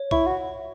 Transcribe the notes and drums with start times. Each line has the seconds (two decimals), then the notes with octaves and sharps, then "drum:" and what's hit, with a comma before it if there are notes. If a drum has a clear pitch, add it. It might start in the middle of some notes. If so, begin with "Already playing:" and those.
Already playing: C#5
0.11 E4 C#6, drum: kick
0.27 F#4